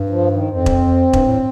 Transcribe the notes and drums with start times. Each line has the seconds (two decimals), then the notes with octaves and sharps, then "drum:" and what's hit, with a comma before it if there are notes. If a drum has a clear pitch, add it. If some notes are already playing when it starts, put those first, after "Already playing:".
Already playing: G2
0.10 F3
0.30 D#3
0.50 F2 C4
0.66 drum: kick E1
1.13 G2, drum: kick E1
1.26 A2